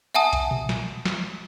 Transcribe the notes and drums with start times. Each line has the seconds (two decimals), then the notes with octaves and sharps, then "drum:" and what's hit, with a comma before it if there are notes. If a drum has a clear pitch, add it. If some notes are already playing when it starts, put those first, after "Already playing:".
0.15 E5 F#5 G#5 A5 D#6
0.33 drum: kick B1, hi-hat
0.51 drum: tom A#2
0.69 drum: snare
1.05 drum: snare